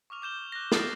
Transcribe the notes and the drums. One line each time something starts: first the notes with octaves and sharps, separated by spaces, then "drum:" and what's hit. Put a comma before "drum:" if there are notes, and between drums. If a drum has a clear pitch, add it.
C#6 D6 F6 F7
D6 G6 E7 G7
F#6 A#6
D6 D#6 F6 A6 C7 G7, drum: snare